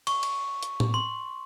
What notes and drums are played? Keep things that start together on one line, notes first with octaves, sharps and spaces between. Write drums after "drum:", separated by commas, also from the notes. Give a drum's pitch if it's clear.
C#6, drum: cymbal
drum: cymbal
drum: hi-hat
drum: tom A2
C6